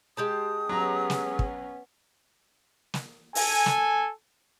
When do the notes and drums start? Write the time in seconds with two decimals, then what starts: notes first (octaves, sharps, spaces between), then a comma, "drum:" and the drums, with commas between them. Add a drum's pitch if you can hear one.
0.17 G#3 G4 A5 D#6
0.69 F#3 B3 C#4 A#5
1.10 drum: snare
1.39 drum: kick
2.94 drum: snare
3.35 A4 G#5, drum: open hi-hat
3.66 drum: snare